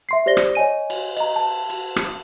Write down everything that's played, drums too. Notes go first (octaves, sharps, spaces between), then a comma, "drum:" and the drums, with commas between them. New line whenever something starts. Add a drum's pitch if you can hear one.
E5 C6 C7
G4 C5 D5 A#6 G7
drum: rim click
C#5 D#5 G#5 D#7
drum: cymbal
D#5 A#5, drum: cymbal
A5
drum: cymbal
drum: rim click